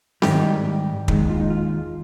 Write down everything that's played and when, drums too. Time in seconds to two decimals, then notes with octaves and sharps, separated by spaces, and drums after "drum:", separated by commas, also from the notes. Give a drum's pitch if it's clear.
0.22 G#2 D#3 G3 G4, drum: snare C4
1.08 D#2 D#3 G#3, drum: kick
1.29 F4
1.40 D#4
1.50 F4